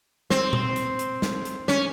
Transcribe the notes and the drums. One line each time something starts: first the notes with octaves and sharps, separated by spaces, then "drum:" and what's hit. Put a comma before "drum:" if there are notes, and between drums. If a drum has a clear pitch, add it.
C4, drum: snare
drum: tom A#2
drum: hi-hat
drum: hi-hat
drum: snare
drum: hi-hat
C#4, drum: snare